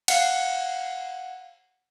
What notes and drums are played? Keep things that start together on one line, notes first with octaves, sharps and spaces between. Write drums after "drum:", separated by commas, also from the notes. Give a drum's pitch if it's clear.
F5 F#5, drum: cymbal